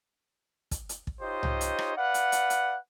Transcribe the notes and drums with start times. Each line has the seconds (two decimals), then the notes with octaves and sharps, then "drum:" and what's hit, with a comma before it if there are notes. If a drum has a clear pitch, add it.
0.71 drum: kick, hi-hat
0.89 drum: hi-hat
1.07 drum: kick
1.22 D#4 F4 G4 C5 C#5 D#5
1.43 drum: tom C2
1.61 drum: hi-hat
1.79 drum: rim click
1.96 B4 D5 F5 F#5
2.14 drum: hi-hat
2.32 drum: hi-hat
2.50 drum: hi-hat